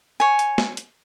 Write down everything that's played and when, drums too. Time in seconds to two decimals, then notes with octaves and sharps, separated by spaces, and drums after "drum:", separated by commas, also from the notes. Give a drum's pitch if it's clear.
0.20 C#5 G#5
0.39 drum: hi-hat
0.58 drum: snare
0.77 drum: hi-hat